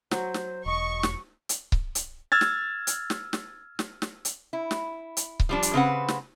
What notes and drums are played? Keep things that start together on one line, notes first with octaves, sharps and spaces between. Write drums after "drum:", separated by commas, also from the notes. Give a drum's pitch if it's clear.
F#3 C5, drum: snare
drum: snare
E1 D#5 C#6
drum: snare
drum: hi-hat
drum: kick C#1
drum: hi-hat
E6 F6 G#6 A6
drum: snare
drum: hi-hat
drum: snare
drum: snare
drum: snare
drum: snare
drum: hi-hat
E4
drum: snare
drum: hi-hat
drum: kick C#1
F3 G3 D4
drum: hi-hat
C#3 C4 B4 F#5
drum: snare